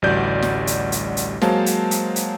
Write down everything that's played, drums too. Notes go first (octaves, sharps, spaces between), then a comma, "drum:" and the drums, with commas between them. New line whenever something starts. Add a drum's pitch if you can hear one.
A1 D2 G3 F#4 D5 G6
drum: snare
drum: hi-hat
drum: hi-hat
drum: hi-hat
F#3 G#3 A#3 C5 F5 A5, drum: snare
drum: hi-hat
drum: hi-hat
drum: hi-hat